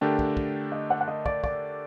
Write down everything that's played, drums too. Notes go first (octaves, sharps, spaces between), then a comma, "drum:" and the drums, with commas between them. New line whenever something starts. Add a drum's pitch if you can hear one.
D3 A3 D4 G4 A#4 G5
drum: kick
drum: kick
D#5
F#5
F#5
D#5
D5, drum: kick
D5, drum: kick